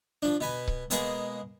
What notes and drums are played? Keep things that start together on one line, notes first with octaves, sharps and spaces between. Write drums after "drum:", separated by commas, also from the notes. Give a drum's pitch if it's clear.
F3 D4
B2 B4 G#5
drum: kick C#1
B2 G#3 A#3 B3 G#4, drum: hi-hat